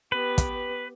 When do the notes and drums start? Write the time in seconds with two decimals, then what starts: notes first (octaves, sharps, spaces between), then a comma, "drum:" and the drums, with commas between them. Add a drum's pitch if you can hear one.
0.12 B3 G4 B4
0.38 drum: kick, hi-hat